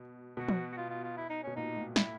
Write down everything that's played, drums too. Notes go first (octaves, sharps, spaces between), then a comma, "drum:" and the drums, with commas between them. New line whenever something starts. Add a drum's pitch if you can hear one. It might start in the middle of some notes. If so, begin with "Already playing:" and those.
Already playing: B2
B2 F#4
drum: tom
F#4
F4
F4
F4
E4
D#4
B2 C#4
A#2 D#4
A2
A2 E4, drum: snare